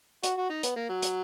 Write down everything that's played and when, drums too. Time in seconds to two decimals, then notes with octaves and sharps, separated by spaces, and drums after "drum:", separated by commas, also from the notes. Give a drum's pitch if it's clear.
0.24 F#4, drum: hi-hat
0.38 F#4
0.50 D#4
0.63 B3, drum: hi-hat
0.76 A#3
0.89 F#3
1.02 drum: hi-hat